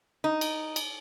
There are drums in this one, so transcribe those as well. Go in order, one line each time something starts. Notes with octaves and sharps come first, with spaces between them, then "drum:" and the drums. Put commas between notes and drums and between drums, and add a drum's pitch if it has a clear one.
D#4
drum: cymbal
drum: cymbal